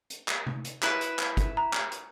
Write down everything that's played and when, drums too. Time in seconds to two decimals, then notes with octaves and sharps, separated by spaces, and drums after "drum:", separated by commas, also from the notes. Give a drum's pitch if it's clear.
0.10 drum: hi-hat
0.28 drum: clap
0.46 drum: tom C3
0.65 drum: hi-hat
0.83 E4 B4 E5, drum: clap
1.01 drum: hi-hat
1.19 drum: clap
1.37 drum: kick G1, hi-hat
1.57 A#5
1.73 drum: clap
1.92 drum: hi-hat